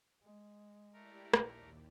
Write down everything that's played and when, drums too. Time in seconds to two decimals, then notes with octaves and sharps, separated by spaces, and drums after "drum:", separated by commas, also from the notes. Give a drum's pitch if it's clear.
0.23 G#3
0.93 A3 E4 G4 A#4 D5
1.34 A#1 D#2, drum: rim click